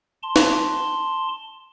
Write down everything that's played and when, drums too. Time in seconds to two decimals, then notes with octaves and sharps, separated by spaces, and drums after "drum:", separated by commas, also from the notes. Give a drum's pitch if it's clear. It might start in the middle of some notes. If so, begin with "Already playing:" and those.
0.23 A5 C6
0.36 drum: snare